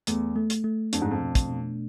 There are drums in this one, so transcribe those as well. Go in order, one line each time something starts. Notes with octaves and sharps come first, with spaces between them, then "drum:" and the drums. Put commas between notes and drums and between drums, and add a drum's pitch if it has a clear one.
E2 A3, drum: hi-hat
A3
drum: hi-hat
A3
F2 D4, drum: hi-hat
G#2
F2
B2
drum: kick, hi-hat
B2